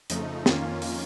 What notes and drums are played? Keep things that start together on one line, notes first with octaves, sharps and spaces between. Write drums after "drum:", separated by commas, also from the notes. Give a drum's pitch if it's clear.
F2 C#3 F3 A3 D#4, drum: hi-hat
F2 D#3 A#3 C#4 F4, drum: snare
drum: open hi-hat